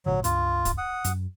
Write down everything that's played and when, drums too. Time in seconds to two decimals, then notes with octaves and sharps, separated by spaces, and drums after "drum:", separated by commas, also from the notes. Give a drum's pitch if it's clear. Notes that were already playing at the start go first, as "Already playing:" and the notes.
0.06 G#1 A#2 D3 F#3
0.24 C#2 G2 D4 F4, drum: hi-hat
0.65 drum: kick, hi-hat
0.78 F#5 D#6
1.04 F#2, drum: hi-hat